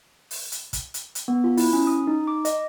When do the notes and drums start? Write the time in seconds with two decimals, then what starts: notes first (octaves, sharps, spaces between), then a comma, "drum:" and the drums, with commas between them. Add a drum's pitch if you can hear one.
0.31 drum: open hi-hat
0.52 drum: hi-hat
0.73 drum: kick, hi-hat
0.94 drum: hi-hat
1.15 drum: hi-hat
1.28 B3
1.44 F4
1.57 E4, drum: open hi-hat
1.73 C#4
1.87 D#6
2.07 D#4
2.27 D6
2.45 D#5, drum: hi-hat